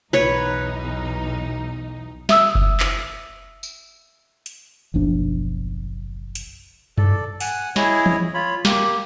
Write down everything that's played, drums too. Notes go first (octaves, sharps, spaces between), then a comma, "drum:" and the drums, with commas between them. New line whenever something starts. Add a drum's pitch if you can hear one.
B1 E2 D#4 B4 C#5
E5 D#6 E6, drum: snare
drum: kick F#1
drum: clap
drum: tambourine
drum: hi-hat
F#1 B1 F3 D4
drum: hi-hat
A4 D5, drum: tom F#2
F#5 G#5, drum: open hi-hat
E4 G#4 C#5 D#5, drum: snare
drum: tom
F4 C#5 B5
A#3 G4, drum: snare